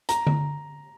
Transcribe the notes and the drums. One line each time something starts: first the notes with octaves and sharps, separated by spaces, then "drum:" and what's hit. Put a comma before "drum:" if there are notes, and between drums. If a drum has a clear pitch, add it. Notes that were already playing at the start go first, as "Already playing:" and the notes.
A#5, drum: hi-hat
drum: tom D3